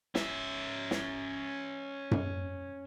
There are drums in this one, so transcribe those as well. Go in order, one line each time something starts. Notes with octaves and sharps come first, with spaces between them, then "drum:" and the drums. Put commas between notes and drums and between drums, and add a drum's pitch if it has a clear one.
C#4 E5, drum: snare
drum: snare
drum: tom F#2